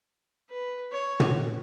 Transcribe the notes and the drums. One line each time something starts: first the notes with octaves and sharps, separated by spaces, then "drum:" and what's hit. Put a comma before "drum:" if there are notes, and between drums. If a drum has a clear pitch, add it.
B4
C#5
drum: tom